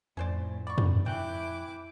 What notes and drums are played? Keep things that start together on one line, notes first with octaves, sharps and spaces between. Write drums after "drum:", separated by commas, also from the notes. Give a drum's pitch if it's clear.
F2 A2 C#4 C5 D5
D5 B5 C#6
drum: tom F2
E3 E4 G5 D6 F#6 G6